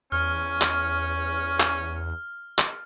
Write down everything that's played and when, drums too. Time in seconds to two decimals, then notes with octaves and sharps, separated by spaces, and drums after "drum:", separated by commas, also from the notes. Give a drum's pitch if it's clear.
0.12 E2 C#4 F6
0.61 drum: clap
1.60 drum: clap
2.58 drum: clap